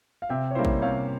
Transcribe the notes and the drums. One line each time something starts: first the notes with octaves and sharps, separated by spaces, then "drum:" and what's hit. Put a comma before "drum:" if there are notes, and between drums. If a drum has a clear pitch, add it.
F5
C3 E5 G5
C#5
G3 A#3 C#4 E4 C5 E5
drum: kick A1
C3 C#5 F5